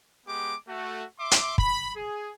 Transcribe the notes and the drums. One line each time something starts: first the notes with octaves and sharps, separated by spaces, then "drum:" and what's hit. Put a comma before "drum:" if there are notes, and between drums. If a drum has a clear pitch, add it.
G#3 B3 G4 D6
A3 F#4
E5 C6 D6
drum: hi-hat
B5, drum: kick
G#4